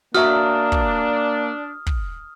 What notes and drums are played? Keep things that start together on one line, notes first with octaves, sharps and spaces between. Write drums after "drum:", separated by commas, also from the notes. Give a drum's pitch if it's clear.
A#3 D4 F#4 E5 A#5 D#6 F6
drum: kick
drum: kick